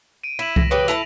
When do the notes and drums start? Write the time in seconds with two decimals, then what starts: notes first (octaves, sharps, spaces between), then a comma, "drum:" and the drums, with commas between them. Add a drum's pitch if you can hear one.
0.24 D7 D#7
0.39 E4 B6 E7 F#7
0.56 A#6, drum: kick C2
0.71 C#3 G4 B4
0.88 E4 A4 A5 F7